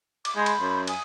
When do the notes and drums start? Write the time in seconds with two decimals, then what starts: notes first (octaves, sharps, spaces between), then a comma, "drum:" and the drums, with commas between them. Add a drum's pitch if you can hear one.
0.25 D6, drum: cymbal
0.36 G#3 B5 C6 G6
0.46 drum: cymbal
0.61 F#2
0.87 G#5 D#6, drum: cymbal